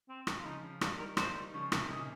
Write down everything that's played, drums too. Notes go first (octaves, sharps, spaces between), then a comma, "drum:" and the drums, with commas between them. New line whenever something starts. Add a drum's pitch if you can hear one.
C4
drum: rim click
F4
C#3 F3 D#4
C#3 F3
D#3 G3 F4, drum: rim click
D#3 G3 A#4
G3 A#3 C5, drum: rim click
D#3 G3
C#3 F3 C#5
C3 D#3, drum: rim click
A#2 C#3 D#5